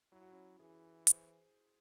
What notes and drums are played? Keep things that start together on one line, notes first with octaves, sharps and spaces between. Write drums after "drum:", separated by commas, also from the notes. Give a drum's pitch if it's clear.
F#3 E4
F#4
C#4 E4
E3 E4 G#4
G#4 C5, drum: hi-hat